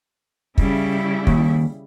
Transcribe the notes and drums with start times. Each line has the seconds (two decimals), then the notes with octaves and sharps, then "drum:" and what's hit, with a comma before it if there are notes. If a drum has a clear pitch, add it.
0.58 C#3 G3 E4, drum: kick
1.27 D#2, drum: kick